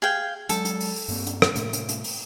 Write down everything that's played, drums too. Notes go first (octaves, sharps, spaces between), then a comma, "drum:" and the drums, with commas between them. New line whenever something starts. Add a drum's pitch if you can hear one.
G#4 F5 G5
F#3 G#3 A4, drum: hi-hat
drum: hi-hat
drum: open hi-hat
drum: open hi-hat
G2 A#3 C4, drum: open hi-hat
drum: hi-hat
drum: rim click
A2 C3 A3, drum: hi-hat
drum: hi-hat
drum: hi-hat
drum: open hi-hat